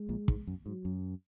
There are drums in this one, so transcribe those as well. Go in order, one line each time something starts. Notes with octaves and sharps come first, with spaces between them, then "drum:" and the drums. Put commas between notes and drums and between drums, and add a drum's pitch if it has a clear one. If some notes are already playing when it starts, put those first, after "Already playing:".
Already playing: G#3
A#1 A#2
G#2, drum: kick
F#2
G#2 F#3
F#2